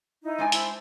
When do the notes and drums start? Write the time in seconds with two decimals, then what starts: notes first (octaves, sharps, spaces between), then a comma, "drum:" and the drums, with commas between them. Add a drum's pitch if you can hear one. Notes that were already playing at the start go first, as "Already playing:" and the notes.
0.23 D#4 E4
0.38 G#3 D4 G#5
0.52 E4 C5, drum: hi-hat